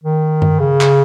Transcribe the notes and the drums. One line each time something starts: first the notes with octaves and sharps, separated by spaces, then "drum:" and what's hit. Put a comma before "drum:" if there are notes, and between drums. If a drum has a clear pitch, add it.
D#3
drum: tom G2
C#3
drum: clap